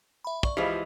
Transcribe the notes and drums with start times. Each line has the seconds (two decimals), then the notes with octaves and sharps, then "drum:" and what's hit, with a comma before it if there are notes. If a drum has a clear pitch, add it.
0.24 E5 B5
0.43 D5 C#6, drum: kick
0.57 E3 F3 G#3 G4